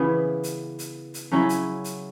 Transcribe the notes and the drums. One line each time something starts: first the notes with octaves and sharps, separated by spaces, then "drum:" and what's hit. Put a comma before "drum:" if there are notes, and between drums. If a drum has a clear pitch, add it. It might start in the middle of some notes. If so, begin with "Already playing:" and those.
Already playing: C#3 E3 B3
drum: hi-hat
drum: hi-hat
drum: hi-hat
C#3 F#3 C#4 E4
drum: hi-hat
drum: hi-hat